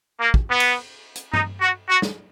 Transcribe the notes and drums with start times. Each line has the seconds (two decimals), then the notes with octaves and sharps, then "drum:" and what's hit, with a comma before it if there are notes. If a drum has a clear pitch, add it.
0.21 A#3
0.34 drum: kick
0.49 B3
0.60 drum: cymbal
1.15 drum: hi-hat
1.34 D#4, drum: tom G2
1.61 F#4
1.89 F#4
2.02 drum: snare